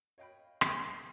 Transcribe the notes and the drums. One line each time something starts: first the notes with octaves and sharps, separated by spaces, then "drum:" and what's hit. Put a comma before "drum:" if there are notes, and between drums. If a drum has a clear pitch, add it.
C#5 D#5 F5 G5 B5
drum: rim click